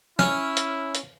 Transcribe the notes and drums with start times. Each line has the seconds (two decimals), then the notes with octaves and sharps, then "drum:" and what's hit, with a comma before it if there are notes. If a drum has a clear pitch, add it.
0.19 C#4 E4 F6, drum: snare
0.57 drum: hi-hat
0.95 drum: hi-hat